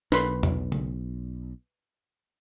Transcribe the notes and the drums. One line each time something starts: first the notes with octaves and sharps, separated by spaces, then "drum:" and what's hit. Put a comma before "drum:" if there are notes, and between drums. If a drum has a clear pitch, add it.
B1 B4 B5 C6, drum: snare
drum: tom E2
drum: tom C#3